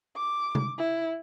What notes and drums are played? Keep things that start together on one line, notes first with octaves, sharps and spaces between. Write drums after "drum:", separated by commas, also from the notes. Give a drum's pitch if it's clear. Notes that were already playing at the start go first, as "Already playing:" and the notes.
D6
drum: tom C3
E4